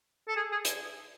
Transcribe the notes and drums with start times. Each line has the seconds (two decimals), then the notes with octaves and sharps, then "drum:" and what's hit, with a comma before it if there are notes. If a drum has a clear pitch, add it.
0.28 A4
0.36 G#4
0.52 G#4
0.65 drum: hi-hat